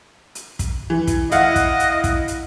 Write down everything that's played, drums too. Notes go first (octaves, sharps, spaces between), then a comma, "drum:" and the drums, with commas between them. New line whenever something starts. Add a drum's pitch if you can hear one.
drum: hi-hat
drum: kick, hi-hat
E3
drum: kick, hi-hat
E4 D#5 F5 F#5, drum: hi-hat
drum: kick, hi-hat
drum: hi-hat
drum: kick, hi-hat
drum: hi-hat